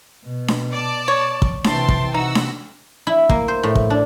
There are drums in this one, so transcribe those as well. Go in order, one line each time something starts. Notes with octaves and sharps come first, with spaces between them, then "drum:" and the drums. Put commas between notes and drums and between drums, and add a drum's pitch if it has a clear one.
B2
drum: snare D4
D5 A5
C#5
drum: kick
C3 E3 G5 A5 C6, drum: snare D4
drum: kick
C3 D#4 F#4 F#5 E6
drum: snare D4
E4
A#3, drum: kick
C5
A2
drum: kick
D4